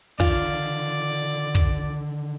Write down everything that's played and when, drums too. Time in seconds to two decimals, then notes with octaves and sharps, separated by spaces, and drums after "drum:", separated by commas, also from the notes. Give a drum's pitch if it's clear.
0.20 D3 D#3 F4 D5, drum: kick
1.55 drum: kick